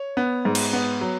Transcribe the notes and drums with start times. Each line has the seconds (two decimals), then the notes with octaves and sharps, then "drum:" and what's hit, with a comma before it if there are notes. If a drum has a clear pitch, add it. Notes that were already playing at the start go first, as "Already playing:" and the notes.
Already playing: C#5
0.17 B3
0.45 G#2
0.55 drum: cymbal
0.73 B3
1.01 F#3